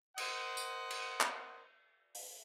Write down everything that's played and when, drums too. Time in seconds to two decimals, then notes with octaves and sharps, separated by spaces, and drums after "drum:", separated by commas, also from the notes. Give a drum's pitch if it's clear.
0.18 A#4 C5 D#5 F#5, drum: cymbal
0.57 drum: tambourine
0.90 drum: cymbal
1.21 drum: clap
2.15 drum: open hi-hat